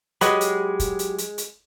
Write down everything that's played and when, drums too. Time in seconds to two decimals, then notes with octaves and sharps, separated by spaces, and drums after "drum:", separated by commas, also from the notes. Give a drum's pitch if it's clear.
0.21 F#3 G#3 F#4 G4 B4 C#5 D#5 B5, drum: hi-hat
0.41 drum: hi-hat
0.80 drum: kick, hi-hat
0.99 drum: hi-hat
1.18 drum: hi-hat
1.38 drum: hi-hat